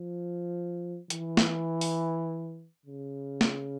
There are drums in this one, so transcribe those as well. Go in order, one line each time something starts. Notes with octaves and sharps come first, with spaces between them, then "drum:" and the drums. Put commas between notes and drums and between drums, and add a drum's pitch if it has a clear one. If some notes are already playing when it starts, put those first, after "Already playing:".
Already playing: F3
E3, drum: hi-hat
drum: snare
drum: open hi-hat
C#3
drum: snare